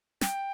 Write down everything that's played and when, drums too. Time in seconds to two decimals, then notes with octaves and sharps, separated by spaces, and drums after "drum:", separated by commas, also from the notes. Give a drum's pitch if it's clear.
0.21 G5, drum: snare